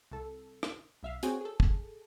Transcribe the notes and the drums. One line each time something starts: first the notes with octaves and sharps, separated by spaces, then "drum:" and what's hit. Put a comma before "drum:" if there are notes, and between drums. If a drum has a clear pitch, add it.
C2 A4
drum: rim click
B1 E5 F5
C4 F#4 G#4 C#5 G5 G#5, drum: hi-hat
G#4 A4
drum: kick